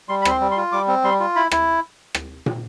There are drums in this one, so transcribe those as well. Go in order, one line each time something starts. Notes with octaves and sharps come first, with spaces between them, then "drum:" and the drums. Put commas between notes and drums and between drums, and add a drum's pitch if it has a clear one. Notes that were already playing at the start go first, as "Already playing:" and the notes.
G3 C6
B5
C4 C6, drum: rim click
G3
C6
F4
G3 D6
C4
G3 C6
F4
E4 B5
E4, drum: rim click
drum: rim click
drum: tom